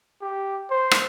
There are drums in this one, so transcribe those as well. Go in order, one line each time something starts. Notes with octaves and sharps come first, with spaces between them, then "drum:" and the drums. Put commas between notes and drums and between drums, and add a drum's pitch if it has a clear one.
G4
C5
drum: rim click